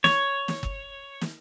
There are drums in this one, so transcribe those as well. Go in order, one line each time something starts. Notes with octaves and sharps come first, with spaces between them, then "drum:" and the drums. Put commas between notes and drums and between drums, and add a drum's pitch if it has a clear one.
C#5, drum: snare
drum: snare
drum: kick
drum: snare